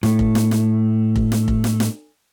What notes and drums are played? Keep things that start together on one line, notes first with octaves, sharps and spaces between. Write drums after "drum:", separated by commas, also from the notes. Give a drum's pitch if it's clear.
A2 A3, drum: snare
drum: kick F1
drum: snare
drum: snare
drum: kick F1
drum: snare
drum: kick F1
drum: snare
drum: snare